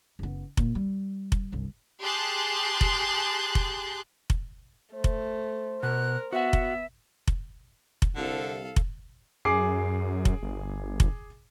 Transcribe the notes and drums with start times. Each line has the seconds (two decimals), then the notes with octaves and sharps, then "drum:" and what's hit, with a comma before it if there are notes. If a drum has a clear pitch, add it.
0.19 F#1 B3
0.57 A#2, drum: kick F1
0.75 G3
1.32 drum: kick F1
1.52 G1 C2
2.02 G4 G#4 A5 C6 F#6 G6
2.81 drum: kick F1
3.55 drum: kick F1
4.30 drum: kick F1
4.95 A3 C5
5.04 drum: kick F1
5.83 B2 A#4 F#6
6.32 B3 F#4 E5 F#5
6.53 drum: kick F1
7.27 drum: kick F1
8.02 drum: kick F1
8.16 C2 D3 A4 F5
8.76 drum: kick F1
9.45 F#2 G#4 D6 C7
10.25 drum: kick F1
10.43 G1
11.00 drum: kick F1